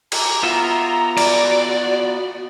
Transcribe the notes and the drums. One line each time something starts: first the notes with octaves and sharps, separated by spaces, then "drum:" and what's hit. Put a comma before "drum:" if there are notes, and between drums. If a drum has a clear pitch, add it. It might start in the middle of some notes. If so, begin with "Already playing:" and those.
A#5, drum: cymbal
B3 F4 E5
F#4 D5, drum: cymbal